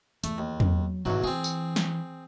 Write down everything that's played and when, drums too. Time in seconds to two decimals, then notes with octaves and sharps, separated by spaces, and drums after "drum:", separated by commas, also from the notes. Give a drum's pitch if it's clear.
0.24 E2 A3, drum: hi-hat
0.38 D#2
0.60 F#3, drum: tom E2
1.05 B1 E2 G#2 D#3 F#3
1.24 E3 C4 G#4
1.44 drum: tambourine
1.76 drum: snare